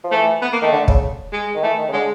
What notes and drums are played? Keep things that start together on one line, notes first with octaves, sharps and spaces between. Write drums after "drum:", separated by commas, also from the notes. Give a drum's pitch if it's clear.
F3
E3 A3
B3
A#3
D#3 A3
D3
C#3, drum: kick
G#3
D#3
E3 A3
D#3
C#3
D3 G#3